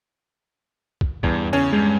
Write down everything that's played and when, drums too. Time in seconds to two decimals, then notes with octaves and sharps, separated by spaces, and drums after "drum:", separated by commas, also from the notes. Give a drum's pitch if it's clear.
1.01 drum: kick
1.23 E2 G2, drum: kick
1.53 C#3 C#4
1.73 G2 G#3